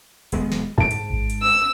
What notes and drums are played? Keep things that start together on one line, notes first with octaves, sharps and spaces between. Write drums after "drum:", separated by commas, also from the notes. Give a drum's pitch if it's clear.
D#1 G#3 B3, drum: hi-hat
drum: snare
G#2 A5 D7
drum: hi-hat
drum: kick G#1
drum: hi-hat
E6